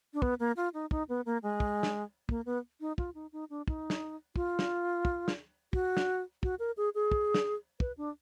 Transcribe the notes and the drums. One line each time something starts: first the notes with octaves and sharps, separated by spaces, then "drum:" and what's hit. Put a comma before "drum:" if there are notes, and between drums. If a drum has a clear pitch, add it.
D4
B3, drum: kick
A#3
F4
D#4
D#4, drum: kick
B3
A#3
G#3
drum: kick
drum: snare
A#3, drum: kick
B3
D#4
F4, drum: kick
D#4
D#4
D4
D#4, drum: kick
drum: snare
F4, drum: kick
drum: snare
drum: kick
drum: snare
F#4, drum: kick
drum: snare
F#4, drum: kick
A#4
G#4
G#4
drum: kick
drum: snare
B4, drum: kick
D4